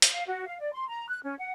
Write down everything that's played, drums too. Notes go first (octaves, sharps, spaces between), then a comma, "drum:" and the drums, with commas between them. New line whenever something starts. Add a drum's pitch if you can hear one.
drum: hi-hat
F5
F#4
F5
D5
C6
A#5
F#6
C#4
F#5